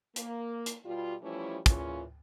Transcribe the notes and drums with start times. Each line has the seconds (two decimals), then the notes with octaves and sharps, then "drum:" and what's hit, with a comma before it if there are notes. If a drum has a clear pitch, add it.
0.16 A#3, drum: hi-hat
0.66 drum: hi-hat
0.85 B2 G3 F4
1.22 E3 F3 G3 A3 C#4 E4
1.66 A#2 C#3 E3 C#4 F4, drum: kick, hi-hat